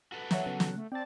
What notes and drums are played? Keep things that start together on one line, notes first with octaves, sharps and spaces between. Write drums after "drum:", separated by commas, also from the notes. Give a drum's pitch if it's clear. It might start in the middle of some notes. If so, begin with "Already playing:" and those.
F#4 A4 B4
F#3 C#5 E5 F#5 A#5, drum: snare
C#3 B3
drum: snare
A3
C4 D5 G5 A5 A6